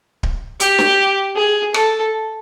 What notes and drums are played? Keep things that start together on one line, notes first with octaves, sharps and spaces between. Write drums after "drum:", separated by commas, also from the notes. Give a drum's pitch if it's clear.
drum: kick D1
G4, drum: hi-hat
drum: snare
G#4
A4, drum: rim click